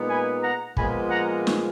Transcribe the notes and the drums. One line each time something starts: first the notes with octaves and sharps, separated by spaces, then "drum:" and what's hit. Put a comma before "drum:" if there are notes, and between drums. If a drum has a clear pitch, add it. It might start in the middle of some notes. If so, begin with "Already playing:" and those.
Already playing: A#2 G#3 B3 D#4
G#5 B5
F#5 A#5
A#2 F3 G#3 B3 F4 G#5 B5, drum: kick
F#5 A#5
drum: snare